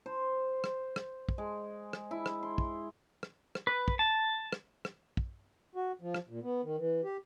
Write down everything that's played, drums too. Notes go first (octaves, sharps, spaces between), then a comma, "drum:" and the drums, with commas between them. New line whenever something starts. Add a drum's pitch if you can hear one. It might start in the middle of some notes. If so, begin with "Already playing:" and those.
C5
drum: rim click
drum: rim click
drum: kick
G#3
drum: rim click
E4
drum: rim click
C6
drum: kick
drum: rim click
drum: rim click
B4
drum: kick
A5
drum: rim click
drum: rim click
drum: kick
F#4
F3
drum: rim click
A#2
B3
D#3
E3
G4